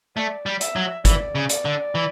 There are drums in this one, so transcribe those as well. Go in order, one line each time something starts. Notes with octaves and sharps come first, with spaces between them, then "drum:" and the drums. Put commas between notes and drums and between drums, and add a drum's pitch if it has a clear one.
A3 D5
G3
E5, drum: hi-hat
F#3
E3 D5, drum: kick G1, hi-hat
C#3
D5, drum: hi-hat
D3
E3